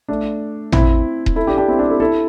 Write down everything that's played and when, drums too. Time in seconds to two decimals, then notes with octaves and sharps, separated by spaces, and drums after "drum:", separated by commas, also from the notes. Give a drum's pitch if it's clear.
0.08 A3 D4
0.72 C4 E4, drum: tom
1.26 drum: kick D#1
1.36 E4 A4
1.47 D4 G4
1.58 D4 G4
1.68 C4 E4
1.79 D4 G4
1.89 E4 A4
2.00 E4 A4